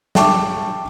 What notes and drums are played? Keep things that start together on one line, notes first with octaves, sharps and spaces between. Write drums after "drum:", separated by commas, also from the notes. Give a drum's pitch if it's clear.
E5 G5 A5 C#6 D6, drum: snare